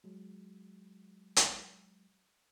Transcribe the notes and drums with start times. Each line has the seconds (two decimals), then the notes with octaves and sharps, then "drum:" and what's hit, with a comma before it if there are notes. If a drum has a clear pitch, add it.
0.04 F#3 G#3
1.36 drum: hi-hat